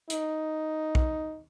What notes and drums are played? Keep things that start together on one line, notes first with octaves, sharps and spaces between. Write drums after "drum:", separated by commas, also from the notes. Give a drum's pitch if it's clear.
D#4, drum: hi-hat
drum: kick B1